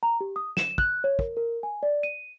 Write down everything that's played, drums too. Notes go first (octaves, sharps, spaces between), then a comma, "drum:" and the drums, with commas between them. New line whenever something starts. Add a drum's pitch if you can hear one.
A#5
G4
D#6
E7, drum: snare
F#6, drum: kick
C#5
A#4, drum: kick
A#4
G#5
D5
D#7